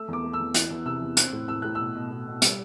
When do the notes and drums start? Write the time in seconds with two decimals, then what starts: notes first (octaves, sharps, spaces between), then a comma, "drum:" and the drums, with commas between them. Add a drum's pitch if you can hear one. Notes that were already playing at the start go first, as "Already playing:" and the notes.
Already playing: A3 E6
0.08 E2 D6
0.24 A3
0.33 E6
0.39 E2
0.54 E3 F#6, drum: hi-hat
0.71 E2
0.85 C3 E6
1.01 E2
1.17 C4 F#6, drum: hi-hat
1.33 A2
1.48 A2 E6
1.62 A2 F#6
1.75 B2 E6
1.95 B2
2.10 B2
2.27 B2
2.42 G3, drum: hi-hat